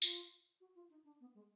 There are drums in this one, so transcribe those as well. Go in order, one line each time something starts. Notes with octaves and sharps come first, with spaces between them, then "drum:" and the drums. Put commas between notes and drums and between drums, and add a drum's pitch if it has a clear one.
F4, drum: tambourine
F#4
F4
D#4
D4
B3
G#3